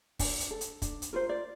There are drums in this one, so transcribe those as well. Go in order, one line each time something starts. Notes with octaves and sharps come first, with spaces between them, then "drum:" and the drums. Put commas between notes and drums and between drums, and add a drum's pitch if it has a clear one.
D4, drum: kick, open hi-hat
drum: hi-hat
A4
drum: hi-hat
D4, drum: kick, hi-hat
drum: hi-hat
F4 A#4 C5
D5